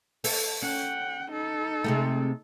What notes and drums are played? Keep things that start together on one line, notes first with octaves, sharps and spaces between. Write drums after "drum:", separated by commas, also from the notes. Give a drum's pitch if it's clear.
A4, drum: open hi-hat
C#4 F#5 G5
D#4 A4
C3 G#3 A3